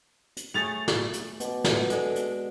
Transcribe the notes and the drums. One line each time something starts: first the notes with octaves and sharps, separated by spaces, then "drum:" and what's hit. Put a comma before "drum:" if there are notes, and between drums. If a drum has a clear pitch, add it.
drum: hi-hat
A3 G#4 C#5 A6 F7
drum: snare
drum: hi-hat
B2 D6, drum: hi-hat
drum: snare
G#3 D4 A4, drum: hi-hat
drum: hi-hat